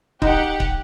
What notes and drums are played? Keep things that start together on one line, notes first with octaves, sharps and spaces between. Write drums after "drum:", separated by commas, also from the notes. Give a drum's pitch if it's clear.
D#4 G4 F#5, drum: kick C#1
drum: kick C#1